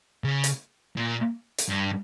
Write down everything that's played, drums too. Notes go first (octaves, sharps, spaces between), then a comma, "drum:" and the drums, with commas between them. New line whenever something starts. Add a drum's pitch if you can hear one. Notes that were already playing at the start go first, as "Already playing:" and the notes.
C#3
drum: hi-hat
A#2
drum: hi-hat
G2